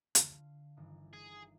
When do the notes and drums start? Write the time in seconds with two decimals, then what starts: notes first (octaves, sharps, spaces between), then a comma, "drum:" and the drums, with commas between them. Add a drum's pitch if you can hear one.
0.15 D3 F4, drum: hi-hat
0.77 G1 D#3 E3
1.13 G#4